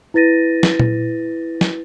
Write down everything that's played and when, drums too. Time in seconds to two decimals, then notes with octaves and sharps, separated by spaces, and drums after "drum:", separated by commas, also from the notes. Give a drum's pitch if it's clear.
0.14 E4 B4 A6 A#6 D#7
0.63 drum: snare
0.79 drum: tom A#2
1.61 drum: snare